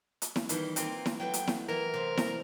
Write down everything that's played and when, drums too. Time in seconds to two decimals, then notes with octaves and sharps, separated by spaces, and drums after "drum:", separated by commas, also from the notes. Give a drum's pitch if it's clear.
0.22 drum: hi-hat
0.36 drum: snare E4
0.49 D#3 E3 G3, drum: hi-hat
0.76 A#3 C4 F4 G5, drum: hi-hat
1.06 drum: snare E4
1.20 F#3 A3 B3 G5
1.34 drum: hi-hat
1.48 drum: snare E4
1.68 E3 A#4 E5
1.94 C3 C4
2.17 drum: snare E4